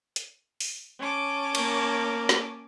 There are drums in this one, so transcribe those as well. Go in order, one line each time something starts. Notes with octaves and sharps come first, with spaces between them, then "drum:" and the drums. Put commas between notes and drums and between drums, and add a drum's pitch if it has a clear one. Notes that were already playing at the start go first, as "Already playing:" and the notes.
drum: hi-hat
drum: open hi-hat
C#4 A5 D6
A#3, drum: cymbal
drum: snare